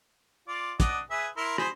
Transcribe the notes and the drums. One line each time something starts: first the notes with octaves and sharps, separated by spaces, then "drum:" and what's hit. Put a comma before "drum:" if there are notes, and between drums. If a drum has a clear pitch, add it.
F4 D5
D4 D#5 F#5, drum: kick, hi-hat
G#4 B4 E5
E4 A#4 C6
G#4 C5 B5, drum: rim click